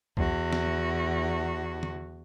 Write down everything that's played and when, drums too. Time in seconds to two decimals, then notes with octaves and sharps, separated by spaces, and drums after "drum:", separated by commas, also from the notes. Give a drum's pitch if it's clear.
0.17 E2 F#4, drum: kick
0.53 drum: snare
1.83 drum: tom